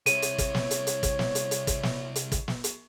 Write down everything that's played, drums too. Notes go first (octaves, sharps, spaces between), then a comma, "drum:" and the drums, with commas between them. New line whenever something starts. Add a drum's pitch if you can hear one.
C3 E4 C#5 D#7, drum: hi-hat
drum: hi-hat
drum: kick, hi-hat
drum: snare
drum: hi-hat
drum: hi-hat
drum: kick, hi-hat
drum: snare
drum: hi-hat
drum: hi-hat
drum: kick, hi-hat
drum: snare
drum: hi-hat
drum: kick, hi-hat
drum: snare
drum: hi-hat